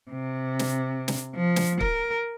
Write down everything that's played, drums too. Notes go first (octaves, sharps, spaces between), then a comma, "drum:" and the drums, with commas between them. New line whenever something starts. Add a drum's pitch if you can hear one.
C3
drum: snare
drum: snare
F3
drum: snare
A#4, drum: kick